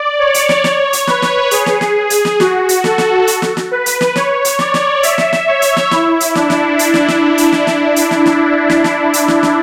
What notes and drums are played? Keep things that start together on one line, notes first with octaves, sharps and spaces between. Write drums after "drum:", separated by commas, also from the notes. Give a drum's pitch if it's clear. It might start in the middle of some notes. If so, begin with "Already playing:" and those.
Already playing: D5
C#5
drum: hi-hat
drum: snare
C#5, drum: snare
drum: hi-hat
B4, drum: snare
drum: snare
G#4, drum: hi-hat
drum: snare
drum: snare
drum: hi-hat
drum: snare
F#4, drum: snare
drum: hi-hat
A4, drum: snare
drum: snare
drum: hi-hat
drum: snare
drum: snare
B4
drum: hi-hat
drum: snare
C#5, drum: snare
drum: hi-hat
D5, drum: snare
drum: snare
E5, drum: hi-hat
drum: snare
drum: snare
C#5
drum: hi-hat
drum: snare
E4, drum: snare
drum: hi-hat
D4, drum: snare
drum: snare
drum: hi-hat
drum: snare
drum: snare
drum: hi-hat
drum: snare
drum: snare
drum: hi-hat
drum: snare
drum: snare
drum: snare
drum: snare
drum: hi-hat
drum: snare
drum: snare